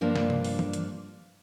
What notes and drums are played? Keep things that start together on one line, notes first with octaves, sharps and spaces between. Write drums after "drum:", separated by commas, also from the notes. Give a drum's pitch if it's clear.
G2 F3 A#3 D4
drum: snare
drum: tom C3
drum: open hi-hat
drum: tom E3
drum: hi-hat